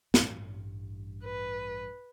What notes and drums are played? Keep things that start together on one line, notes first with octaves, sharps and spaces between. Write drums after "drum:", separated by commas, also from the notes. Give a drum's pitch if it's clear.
A1 G2, drum: snare
B4